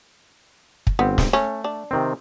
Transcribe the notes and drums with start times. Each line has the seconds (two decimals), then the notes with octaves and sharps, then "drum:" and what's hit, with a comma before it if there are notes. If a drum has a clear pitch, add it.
0.87 drum: kick
0.99 G1 B3 C4
1.18 drum: snare
1.33 A3 C#4
1.64 D4
1.91 C3 D#3 C4